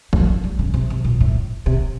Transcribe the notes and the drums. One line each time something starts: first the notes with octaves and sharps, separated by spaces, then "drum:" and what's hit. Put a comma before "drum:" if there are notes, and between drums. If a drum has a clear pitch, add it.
F#3, drum: kick
G3
C#3
C3
C3
A#2
A2
C3